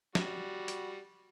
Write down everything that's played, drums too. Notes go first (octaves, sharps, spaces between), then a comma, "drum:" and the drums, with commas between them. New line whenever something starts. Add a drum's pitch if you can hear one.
G3 F#4, drum: snare
drum: hi-hat